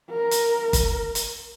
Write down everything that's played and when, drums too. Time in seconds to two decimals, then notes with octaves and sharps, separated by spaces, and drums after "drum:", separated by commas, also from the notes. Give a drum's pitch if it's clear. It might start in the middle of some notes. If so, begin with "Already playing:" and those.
0.10 A#4
0.31 drum: hi-hat
0.73 drum: kick G1, hi-hat
1.15 drum: hi-hat